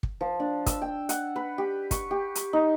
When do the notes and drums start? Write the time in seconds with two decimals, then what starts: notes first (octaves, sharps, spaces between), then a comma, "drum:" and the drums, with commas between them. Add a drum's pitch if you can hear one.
0.03 drum: kick
0.21 F3
0.40 D4
0.66 E6, drum: kick, hi-hat
0.82 G5
1.09 F#5, drum: hi-hat
1.36 B4
1.58 G4
1.91 C#6, drum: kick, hi-hat
2.11 G4
2.35 drum: hi-hat
2.53 D#4